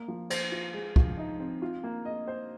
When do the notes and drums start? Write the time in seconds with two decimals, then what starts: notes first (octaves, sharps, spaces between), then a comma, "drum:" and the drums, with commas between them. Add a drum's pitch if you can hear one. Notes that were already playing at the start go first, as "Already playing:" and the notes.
Already playing: A#3
0.08 F3
0.30 C5, drum: cymbal
0.52 F4
0.74 G#3
0.96 F3, drum: kick C#2
1.18 D#4
1.40 C4
1.62 F4
1.84 A#3
2.05 D#5
2.27 C5